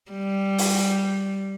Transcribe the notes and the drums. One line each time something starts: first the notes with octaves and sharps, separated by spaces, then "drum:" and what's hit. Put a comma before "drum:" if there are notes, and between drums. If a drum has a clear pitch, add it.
G3
drum: open hi-hat